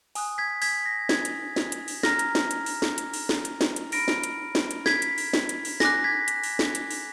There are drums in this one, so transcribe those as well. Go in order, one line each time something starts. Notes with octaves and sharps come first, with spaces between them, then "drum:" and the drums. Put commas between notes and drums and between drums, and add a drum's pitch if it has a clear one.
G#5 D#6 F#6, drum: open hi-hat
G#6 B6
G#6 B6, drum: open hi-hat
A#6
G#6, drum: snare
drum: hi-hat
drum: snare
drum: hi-hat
drum: open hi-hat
A#5 F6 A#6, drum: snare
drum: hi-hat
drum: snare
drum: hi-hat
drum: open hi-hat
drum: snare
drum: hi-hat
drum: open hi-hat
drum: snare
drum: hi-hat
drum: snare
drum: hi-hat
B5 F6 A#6 D7, drum: open hi-hat
drum: snare
drum: hi-hat
drum: snare
drum: hi-hat
G#6 B6, drum: snare
drum: hi-hat
drum: open hi-hat
drum: snare
drum: hi-hat
drum: open hi-hat
G#5 D6 F#6 A#6, drum: snare
G#6 B6
drum: hi-hat
drum: open hi-hat
drum: snare
drum: hi-hat
drum: open hi-hat